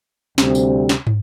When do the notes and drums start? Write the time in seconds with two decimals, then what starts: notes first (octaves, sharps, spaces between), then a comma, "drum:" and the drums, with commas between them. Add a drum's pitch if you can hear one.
0.38 D2 C3 G3 C4, drum: snare
0.55 drum: tambourine
0.89 drum: snare
1.07 drum: tom